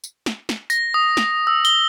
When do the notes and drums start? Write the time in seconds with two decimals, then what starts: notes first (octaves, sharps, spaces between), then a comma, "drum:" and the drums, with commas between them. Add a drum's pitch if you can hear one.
0.04 drum: tambourine
0.26 drum: snare
0.49 drum: snare
0.70 A#6, drum: tambourine
0.94 D#6
1.17 drum: snare
1.47 E6
1.65 G7, drum: tambourine